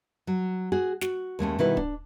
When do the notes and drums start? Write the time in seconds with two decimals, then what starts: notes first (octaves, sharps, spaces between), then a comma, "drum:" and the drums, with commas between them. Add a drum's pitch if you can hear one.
0.27 F#3
0.72 F#4 G#4
1.01 F#4, drum: snare
1.39 D#2 G#3 A3 C#4
1.59 B2 D#3 G3 E4 A4 B4
1.77 D4, drum: kick